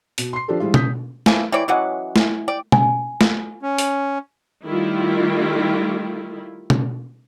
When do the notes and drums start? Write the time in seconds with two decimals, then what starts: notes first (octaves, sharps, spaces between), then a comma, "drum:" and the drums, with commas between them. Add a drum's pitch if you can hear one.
0.18 B2, drum: hi-hat
0.33 C6 C7
0.48 F3 D4 G4 A4
0.60 F3 G3 G#3 E4 F4
0.74 D#6 G6 B6, drum: tom B2
1.26 E3 F3 G#5, drum: snare
1.52 E3 C#5 D5 G5
1.68 E3 F#3 C#4 D#5 F#5 D6
2.16 E4 G#5, drum: snare
2.48 D5 G5
2.72 G#5, drum: tom B2
3.21 drum: snare
3.62 C#4
3.78 drum: hi-hat
4.65 D#3 G3 A3 E4 F4
6.70 drum: tom B2